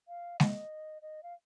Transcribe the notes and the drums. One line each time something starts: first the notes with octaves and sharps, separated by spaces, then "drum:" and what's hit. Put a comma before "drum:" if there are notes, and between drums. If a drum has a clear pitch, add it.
F5
D#5, drum: snare G#3
D#5
F5